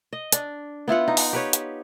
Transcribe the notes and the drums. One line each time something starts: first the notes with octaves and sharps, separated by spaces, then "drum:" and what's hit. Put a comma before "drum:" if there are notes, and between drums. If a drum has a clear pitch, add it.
D#5
D4, drum: hi-hat
B3 E4 F4 F#5
D#4
drum: open hi-hat
G4 B4 C#5
drum: hi-hat